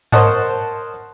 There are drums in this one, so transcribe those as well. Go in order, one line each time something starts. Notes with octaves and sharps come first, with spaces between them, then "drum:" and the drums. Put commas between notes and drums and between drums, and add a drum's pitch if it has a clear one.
A#4 C5 C#5 D#5 F#5 A5, drum: tom G#2